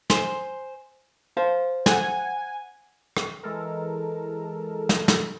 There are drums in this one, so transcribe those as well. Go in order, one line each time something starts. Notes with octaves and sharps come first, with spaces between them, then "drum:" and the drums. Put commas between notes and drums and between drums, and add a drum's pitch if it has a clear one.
C5 G#5 C6, drum: snare
C5 F5
F#5 G#5, drum: snare
drum: rim click
E3 G#3 A4 A#4
drum: snare
drum: snare